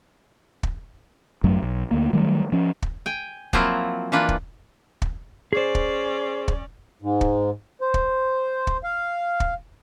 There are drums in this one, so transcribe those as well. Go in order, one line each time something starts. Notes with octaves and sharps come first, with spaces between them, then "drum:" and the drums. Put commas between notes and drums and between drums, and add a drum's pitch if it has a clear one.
drum: kick
G#1 F#2 F#3 A3
B1
D2 A#3
D#3 F#3 G3 A3
F3 C#4
drum: kick
G5 G#5
F3 F#3 A#3 C4 E4 F4, drum: kick
E3 A#3 D4 F4 B4
drum: kick
drum: kick
C#4 G#4 C5 D5
drum: kick
drum: kick
G#2
drum: kick
C5
drum: kick
drum: kick
F5
drum: kick